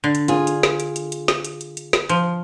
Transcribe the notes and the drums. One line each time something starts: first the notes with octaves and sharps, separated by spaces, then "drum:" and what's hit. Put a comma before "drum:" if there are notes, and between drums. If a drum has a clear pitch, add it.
D3
drum: hi-hat
F4 G#4, drum: hi-hat
drum: hi-hat
drum: snare
drum: hi-hat
drum: hi-hat
drum: hi-hat
drum: snare
drum: hi-hat
drum: hi-hat
drum: hi-hat
drum: snare
F3, drum: hi-hat